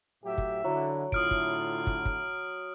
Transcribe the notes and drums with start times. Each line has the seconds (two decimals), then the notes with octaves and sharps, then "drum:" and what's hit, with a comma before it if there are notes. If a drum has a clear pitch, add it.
0.24 A2 F#3 G4 E5
0.38 drum: kick
0.64 D3 F#3 E4
1.12 A2 D3 E4 F4 D#6 F6 D7, drum: kick
1.31 drum: kick
1.87 drum: kick
2.05 drum: kick